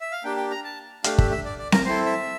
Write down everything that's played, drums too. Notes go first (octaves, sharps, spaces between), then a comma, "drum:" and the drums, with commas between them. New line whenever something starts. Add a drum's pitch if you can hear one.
E5
F5
A#3 D4 G4 G5
G5
A#5
A5
A3 D4 G4 F5, drum: hi-hat
E5, drum: kick
E5
D5
D5
A#4, drum: snare C4
C4 E4 A4 C5
E5